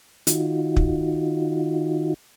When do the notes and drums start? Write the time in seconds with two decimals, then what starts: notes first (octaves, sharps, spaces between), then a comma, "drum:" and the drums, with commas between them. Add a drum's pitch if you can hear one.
0.27 D#3 D#4 F4 F#4, drum: hi-hat
0.76 drum: kick